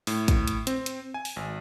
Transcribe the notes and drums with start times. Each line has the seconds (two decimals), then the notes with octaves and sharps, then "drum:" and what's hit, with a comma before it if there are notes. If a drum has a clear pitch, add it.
0.07 A2, drum: open hi-hat
0.28 drum: kick, hi-hat
0.48 drum: hi-hat
0.67 C4, drum: hi-hat
0.86 drum: hi-hat
1.14 G#5
1.25 drum: open hi-hat
1.36 G#1